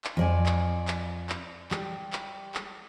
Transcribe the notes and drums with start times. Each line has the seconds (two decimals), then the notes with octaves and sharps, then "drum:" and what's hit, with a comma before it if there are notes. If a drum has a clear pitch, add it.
0.04 drum: clap
0.17 F2 D5 G#5
0.46 drum: clap
0.88 drum: clap
1.29 drum: clap
1.71 G3, drum: clap
2.13 drum: clap
2.54 drum: clap